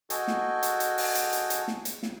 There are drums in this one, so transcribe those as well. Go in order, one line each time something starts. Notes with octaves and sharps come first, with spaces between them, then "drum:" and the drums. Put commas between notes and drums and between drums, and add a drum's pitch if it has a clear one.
F#4 A4 D#5 G5 G#5, drum: hi-hat
drum: snare
drum: hi-hat
drum: hi-hat
drum: open hi-hat
drum: hi-hat
drum: hi-hat
drum: hi-hat
drum: snare
drum: hi-hat
drum: snare